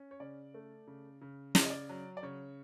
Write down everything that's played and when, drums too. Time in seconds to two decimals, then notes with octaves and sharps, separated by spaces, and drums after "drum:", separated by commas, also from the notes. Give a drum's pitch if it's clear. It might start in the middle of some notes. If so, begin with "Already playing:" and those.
Already playing: C#4
0.11 C#5
0.20 C#3 D5
0.54 A3
0.87 C#3
1.22 C#3
1.55 C#3 D5, drum: snare
1.63 D#5
1.70 D5
1.89 F#3
2.17 D5
2.23 C#3 C#5